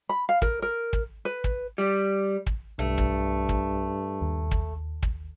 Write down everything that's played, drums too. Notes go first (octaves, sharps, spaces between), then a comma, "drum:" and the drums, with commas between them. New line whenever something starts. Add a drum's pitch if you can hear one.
B5
F5
A#4, drum: kick
A#4
drum: kick
B4
drum: kick
G3
drum: kick
B1 G2 A3
drum: kick
drum: kick
D#2
drum: kick
drum: kick